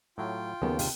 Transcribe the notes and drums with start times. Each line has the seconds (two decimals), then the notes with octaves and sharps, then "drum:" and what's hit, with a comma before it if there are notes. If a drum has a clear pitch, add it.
0.18 A2 F#3 F4 G5
0.62 D#2 C#3 A#3 B3 A4
0.79 C3, drum: open hi-hat